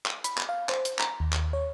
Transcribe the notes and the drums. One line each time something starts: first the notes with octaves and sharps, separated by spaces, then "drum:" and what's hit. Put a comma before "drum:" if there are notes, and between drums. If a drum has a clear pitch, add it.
drum: clap
B5, drum: hi-hat
drum: clap
F5
C5, drum: clap
drum: hi-hat
A#5, drum: clap
D#2
drum: clap
C#5